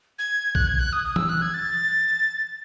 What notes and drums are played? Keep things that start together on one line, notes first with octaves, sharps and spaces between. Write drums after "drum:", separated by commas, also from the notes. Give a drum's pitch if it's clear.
G#6
F#6, drum: kick B1
G#6
F#6
D#6
D#6
E6, drum: tom
F#6
G#6
A6